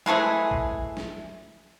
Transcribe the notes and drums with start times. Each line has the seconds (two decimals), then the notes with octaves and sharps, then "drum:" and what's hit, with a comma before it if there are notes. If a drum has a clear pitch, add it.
0.06 E3 G#3 A3 G#4, drum: snare
0.51 drum: kick A1
0.97 drum: snare